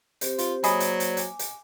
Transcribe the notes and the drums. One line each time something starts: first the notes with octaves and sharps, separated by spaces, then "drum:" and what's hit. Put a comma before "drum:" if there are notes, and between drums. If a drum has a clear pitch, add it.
C4 G4 C5, drum: hi-hat
F4, drum: hi-hat
F#3 A#3 G#4 C5 D5 D#5 B5, drum: hi-hat
drum: hi-hat
drum: hi-hat
G#5 D6, drum: hi-hat
drum: hi-hat